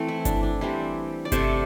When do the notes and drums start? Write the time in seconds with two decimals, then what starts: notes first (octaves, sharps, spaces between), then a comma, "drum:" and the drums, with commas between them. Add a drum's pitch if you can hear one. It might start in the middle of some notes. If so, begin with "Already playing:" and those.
Already playing: E3 A3 C4
0.08 E4
0.25 D4, drum: kick G1, hi-hat
0.43 D4
0.61 E3 G3 C4 E4
1.25 D5
1.32 C3 A3 C4 C5 E5, drum: kick G1, hi-hat